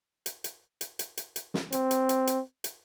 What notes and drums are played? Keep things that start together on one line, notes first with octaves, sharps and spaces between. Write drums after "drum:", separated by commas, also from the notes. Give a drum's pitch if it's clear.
drum: hi-hat
drum: hi-hat
drum: hi-hat
drum: hi-hat
drum: hi-hat
drum: hi-hat
drum: snare
C4, drum: hi-hat
drum: hi-hat
drum: hi-hat
drum: hi-hat
drum: hi-hat